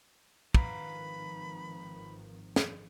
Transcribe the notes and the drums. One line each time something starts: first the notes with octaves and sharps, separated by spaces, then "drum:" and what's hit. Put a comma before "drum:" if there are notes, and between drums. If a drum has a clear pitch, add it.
G#1 D#3 F3 B4 F5 A#5 B5, drum: kick
drum: snare